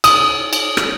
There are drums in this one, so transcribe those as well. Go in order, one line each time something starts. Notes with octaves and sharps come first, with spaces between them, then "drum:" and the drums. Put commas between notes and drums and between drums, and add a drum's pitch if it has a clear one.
D#6, drum: cymbal
drum: cymbal
drum: rim click